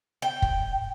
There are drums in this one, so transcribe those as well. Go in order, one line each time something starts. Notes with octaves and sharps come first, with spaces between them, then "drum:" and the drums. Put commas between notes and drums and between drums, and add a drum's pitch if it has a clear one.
G5
drum: kick